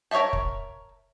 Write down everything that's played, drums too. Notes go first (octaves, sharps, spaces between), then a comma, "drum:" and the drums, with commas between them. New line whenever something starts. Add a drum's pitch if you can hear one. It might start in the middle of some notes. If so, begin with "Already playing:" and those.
A#4 C#5 D#5 E5 A5
drum: kick